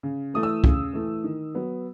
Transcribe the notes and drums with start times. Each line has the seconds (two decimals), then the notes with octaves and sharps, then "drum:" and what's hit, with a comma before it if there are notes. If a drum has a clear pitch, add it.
0.03 C#3
0.34 E3 A3 D#6
0.43 E6
0.64 C#3, drum: kick C2
0.93 E3 A3
1.24 D#3
1.55 F#3 B3